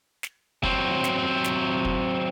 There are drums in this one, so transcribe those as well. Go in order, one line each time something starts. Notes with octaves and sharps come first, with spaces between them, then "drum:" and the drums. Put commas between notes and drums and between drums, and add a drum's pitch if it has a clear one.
drum: snare
F#3 C4, drum: kick
drum: snare
drum: snare
drum: kick